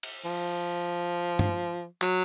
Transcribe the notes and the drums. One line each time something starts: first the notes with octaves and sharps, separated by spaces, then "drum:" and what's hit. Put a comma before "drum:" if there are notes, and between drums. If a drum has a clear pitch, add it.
drum: cymbal
F3
drum: tom G2
F#3, drum: clap